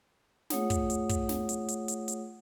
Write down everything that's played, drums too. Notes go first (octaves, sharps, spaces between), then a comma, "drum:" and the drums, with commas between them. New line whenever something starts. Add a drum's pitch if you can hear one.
A3 F4 G#4 C#5 F#5 D#6, drum: snare
drum: kick, hi-hat
drum: hi-hat
drum: kick, hi-hat
drum: snare
drum: hi-hat
drum: hi-hat
drum: hi-hat
drum: hi-hat